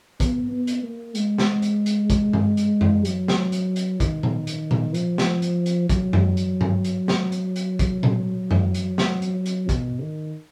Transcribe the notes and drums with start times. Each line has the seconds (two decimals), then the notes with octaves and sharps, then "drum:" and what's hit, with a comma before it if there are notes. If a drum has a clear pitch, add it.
0.20 B3, drum: kick, hi-hat
0.51 B3
0.67 drum: hi-hat
0.83 A#3
1.15 G#3, drum: hi-hat
1.38 drum: snare
1.62 drum: hi-hat
1.86 drum: hi-hat
2.10 drum: kick, hi-hat
2.33 drum: tom G2
2.57 drum: hi-hat
2.81 drum: tom F#2
3.05 F#3, drum: hi-hat
3.28 drum: snare
3.52 drum: hi-hat
3.76 drum: hi-hat
4.00 D#3, drum: kick, hi-hat
4.23 drum: tom A#2
4.47 drum: hi-hat
4.71 drum: tom A#2
4.94 F3, drum: hi-hat
5.18 drum: snare
5.42 drum: hi-hat
5.66 drum: hi-hat
5.90 F#3, drum: kick, hi-hat
6.13 drum: tom F#2
6.37 drum: hi-hat
6.61 drum: tom G2
6.84 drum: hi-hat
7.08 drum: snare
7.32 drum: hi-hat
7.56 drum: hi-hat
7.79 drum: kick, hi-hat
8.03 drum: tom A#2
8.51 drum: tom F#2
8.74 drum: hi-hat
8.98 drum: snare
9.22 drum: hi-hat
9.46 drum: hi-hat
9.69 B2, drum: kick, hi-hat
10.01 D#3